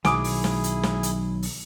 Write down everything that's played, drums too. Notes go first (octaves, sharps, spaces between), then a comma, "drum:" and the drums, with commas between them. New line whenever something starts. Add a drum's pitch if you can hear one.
B1 D#3 F#3 E4 G#4 G#5 D6 D#6, drum: snare
drum: open hi-hat
drum: snare
drum: hi-hat
drum: snare
drum: hi-hat
drum: open hi-hat